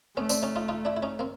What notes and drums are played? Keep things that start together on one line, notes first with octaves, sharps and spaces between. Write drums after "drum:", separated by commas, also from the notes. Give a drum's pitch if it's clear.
A3 B3 C#4
C4 D4, drum: tambourine
C#4 D#4
D#4 F4
D#4 F4
D4 E4
E4
C#4 D#4
A#3 C4